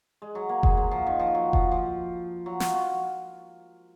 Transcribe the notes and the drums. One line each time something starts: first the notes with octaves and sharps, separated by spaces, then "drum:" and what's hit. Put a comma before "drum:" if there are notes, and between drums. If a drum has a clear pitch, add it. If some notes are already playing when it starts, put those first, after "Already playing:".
G#3
F#3
A#3
G#3, drum: kick F1
F#3
F3
D#3
F3
F#3
F3, drum: kick F1
F3
F#3
F4, drum: snare
F#4